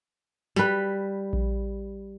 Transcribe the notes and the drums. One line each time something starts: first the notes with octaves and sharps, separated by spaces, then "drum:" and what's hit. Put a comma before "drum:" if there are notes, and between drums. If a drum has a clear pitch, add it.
G3 B4, drum: snare
drum: kick A#1